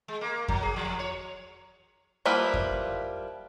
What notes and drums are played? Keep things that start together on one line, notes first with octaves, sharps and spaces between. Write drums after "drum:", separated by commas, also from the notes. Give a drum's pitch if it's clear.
G#3
A#3
F#3, drum: kick F2
G#4
F3
C#5
F3 G3 A#3 E4 B4
drum: kick F2